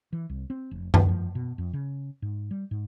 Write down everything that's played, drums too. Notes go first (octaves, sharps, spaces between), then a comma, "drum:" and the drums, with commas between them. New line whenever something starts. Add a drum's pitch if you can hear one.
E3
C2
C4
F1
C#2, drum: tom F#2
F3
B2
F2
C#3
G#2
G3
G#2